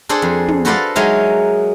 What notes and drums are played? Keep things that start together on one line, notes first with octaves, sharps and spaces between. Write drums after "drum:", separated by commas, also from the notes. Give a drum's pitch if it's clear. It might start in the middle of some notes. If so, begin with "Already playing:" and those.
D4 G#4 A4 C5 D5
F2
drum: tom
F#4 A4 B4 C5 D5 F5
F#3 G#3 D#4 A#4 C#5 E5